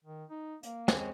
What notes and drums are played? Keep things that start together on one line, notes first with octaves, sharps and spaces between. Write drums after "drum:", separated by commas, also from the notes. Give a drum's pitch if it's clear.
D#3
D#4
A#3, drum: hi-hat
G#3 C4 C#4, drum: snare